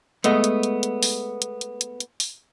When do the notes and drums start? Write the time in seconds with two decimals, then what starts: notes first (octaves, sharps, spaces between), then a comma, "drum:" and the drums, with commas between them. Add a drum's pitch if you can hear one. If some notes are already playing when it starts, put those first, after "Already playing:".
0.24 G#3 A3 B3 D#5, drum: hi-hat
0.44 drum: hi-hat
0.63 drum: hi-hat
0.83 drum: hi-hat
1.03 drum: open hi-hat
1.42 drum: hi-hat
1.61 drum: hi-hat
1.81 drum: hi-hat
2.00 drum: hi-hat
2.20 drum: open hi-hat